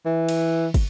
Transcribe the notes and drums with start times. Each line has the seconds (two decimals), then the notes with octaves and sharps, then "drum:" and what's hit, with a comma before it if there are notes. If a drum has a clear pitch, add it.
0.06 E3
0.29 drum: cymbal
0.74 drum: kick, cymbal